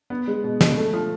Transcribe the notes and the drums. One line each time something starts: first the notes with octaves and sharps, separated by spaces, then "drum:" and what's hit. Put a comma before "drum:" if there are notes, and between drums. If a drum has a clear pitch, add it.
B3
G#3
B2
B2, drum: snare
A3
F3